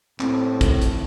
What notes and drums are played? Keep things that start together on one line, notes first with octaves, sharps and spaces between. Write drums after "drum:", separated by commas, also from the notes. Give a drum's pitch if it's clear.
A2 C4, drum: clap
drum: kick, hi-hat
drum: hi-hat